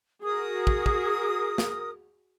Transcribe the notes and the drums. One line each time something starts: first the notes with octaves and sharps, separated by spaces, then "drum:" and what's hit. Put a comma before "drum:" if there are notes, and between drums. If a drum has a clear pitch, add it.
F#4 G#4 A#4 D#6
drum: kick
drum: kick
drum: snare